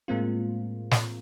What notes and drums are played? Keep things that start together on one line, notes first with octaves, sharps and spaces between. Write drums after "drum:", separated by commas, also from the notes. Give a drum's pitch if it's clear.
A2 G#3 A#3 C4 F4
drum: snare